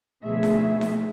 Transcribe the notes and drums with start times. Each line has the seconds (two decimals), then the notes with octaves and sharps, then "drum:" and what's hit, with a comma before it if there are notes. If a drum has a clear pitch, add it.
0.24 D2 B2 F3 A3 G#4 E5
0.43 drum: snare D#4
0.81 drum: snare D#4